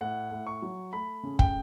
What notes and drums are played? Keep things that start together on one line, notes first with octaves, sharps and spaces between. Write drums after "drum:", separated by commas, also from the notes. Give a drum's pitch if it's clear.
A2 F#5
A2
C#6
F#3
A3 B5
C#3
G5, drum: kick